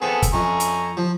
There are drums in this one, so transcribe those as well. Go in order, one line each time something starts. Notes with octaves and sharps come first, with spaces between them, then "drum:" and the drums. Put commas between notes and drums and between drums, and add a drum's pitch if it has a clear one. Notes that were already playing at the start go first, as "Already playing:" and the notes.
B3 C4 G#4 A4
drum: kick, hi-hat
F2 G#5 A#5 C#6
drum: hi-hat
F3